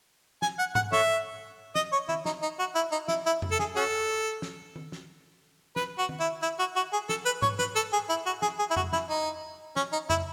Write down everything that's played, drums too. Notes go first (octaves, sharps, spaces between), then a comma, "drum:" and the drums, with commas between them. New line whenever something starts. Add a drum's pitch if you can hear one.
G#5, drum: snare
F#5
F#5, drum: tom G#2
A4 C#5 E5, drum: snare
D#5, drum: snare
C#5
E4, drum: tom D#3
D#4, drum: snare
D#4
F#4
E4
D#4
E4, drum: snare
E4
drum: tom F2
A4
G#4, drum: snare
C#4 F#4 A4
drum: snare
drum: tom D#3
drum: snare
B4, drum: snare
F#4
drum: tom D#3
E4
E4
F#4
F#4
G#4
A4, drum: snare
B4
C#5, drum: tom G#2
B4, drum: snare
A4
G#4
E4
F#4
G#4, drum: snare
G#4
E4
F#4, drum: tom F2
E4, drum: snare
D#4
C#4, drum: snare
D#4
E4, drum: tom F2